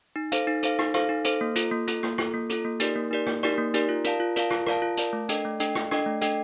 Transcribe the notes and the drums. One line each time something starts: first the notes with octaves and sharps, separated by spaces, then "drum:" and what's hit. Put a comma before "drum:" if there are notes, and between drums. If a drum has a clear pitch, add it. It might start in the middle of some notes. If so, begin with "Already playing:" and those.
D#4
A4 C5 F5, drum: hi-hat
D#4
A4 C5 F5, drum: hi-hat
D#4, drum: rim click
A4 C5 F5, drum: rim click
D#4
A4 C5 F5, drum: hi-hat
A#3
F4 A4, drum: hi-hat
A#3
F4 A4, drum: hi-hat
A#3, drum: rim click
F4 A4, drum: rim click
A#3
F4 A4, drum: hi-hat
A#3
D#4 G4 A#4 D5, drum: hi-hat
A#3
D#4 G4 A#4 D5
A#3, drum: rim click
D#4 G4 A#4 D5, drum: rim click
A#3
D#4 G4 A#4 D5, drum: hi-hat
F4
A#4 D5 F5 A5, drum: hi-hat
F4
A#4 D5 F5 A5, drum: hi-hat
F4, drum: rim click
A#4 D5 F5 A5, drum: rim click
F4
A#4 D5 F5 A5, drum: hi-hat
A3
D4 A4 D#5 G5, drum: hi-hat
A3
D4 A4 D#5 G5, drum: hi-hat
A3, drum: rim click
D4 A4 D#5 G5, drum: rim click
A3
D4 A4 D#5 G5, drum: hi-hat